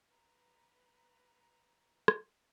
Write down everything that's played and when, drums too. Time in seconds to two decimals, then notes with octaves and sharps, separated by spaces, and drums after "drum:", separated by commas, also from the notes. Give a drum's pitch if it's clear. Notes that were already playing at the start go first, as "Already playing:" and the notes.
0.10 B4 A#5
2.08 drum: rim click